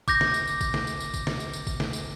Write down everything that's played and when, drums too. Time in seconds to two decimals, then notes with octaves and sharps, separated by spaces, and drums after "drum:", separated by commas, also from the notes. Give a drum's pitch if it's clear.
0.08 D6 G6 A#6, drum: kick, tambourine
0.21 drum: snare
0.34 drum: tambourine
0.47 drum: tambourine
0.61 drum: kick, tambourine
0.74 drum: snare
0.87 drum: tambourine
1.00 drum: tambourine
1.14 drum: kick, tambourine
1.27 drum: snare
1.40 drum: tambourine
1.53 drum: tambourine
1.67 drum: kick, tambourine
1.80 drum: snare
1.93 drum: tambourine